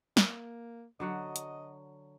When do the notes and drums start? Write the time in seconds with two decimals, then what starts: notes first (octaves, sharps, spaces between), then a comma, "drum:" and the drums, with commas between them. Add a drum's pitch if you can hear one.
0.17 A#3, drum: snare
1.00 D3 F#3 D#5 F#5
1.36 drum: hi-hat